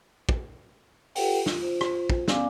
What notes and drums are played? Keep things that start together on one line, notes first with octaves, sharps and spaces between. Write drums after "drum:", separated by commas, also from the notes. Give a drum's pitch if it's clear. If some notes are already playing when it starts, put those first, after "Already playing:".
drum: kick
F4 G4 A4 B4 F#5 G5, drum: open hi-hat
F4, drum: snare
F4 C5
drum: rim click
drum: kick
B3 C#4 D5 F5 G#5 D6, drum: snare